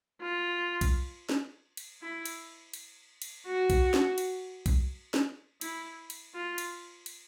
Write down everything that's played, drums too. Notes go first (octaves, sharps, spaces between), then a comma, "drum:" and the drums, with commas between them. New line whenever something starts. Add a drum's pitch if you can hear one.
F4
drum: kick B1, cymbal
drum: snare
drum: cymbal
E4
drum: cymbal
drum: cymbal
drum: cymbal
F#4
drum: kick B1, cymbal
drum: snare
drum: cymbal
drum: kick B1, cymbal
drum: snare
E4, drum: cymbal
drum: cymbal
F4
drum: cymbal
drum: cymbal